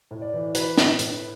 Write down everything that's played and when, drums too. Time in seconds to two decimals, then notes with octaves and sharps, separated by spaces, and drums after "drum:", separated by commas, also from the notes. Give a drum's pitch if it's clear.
0.11 A2
0.22 D5
0.34 E3
0.55 E3 B4, drum: hi-hat
0.78 A2, drum: snare
0.99 A2, drum: hi-hat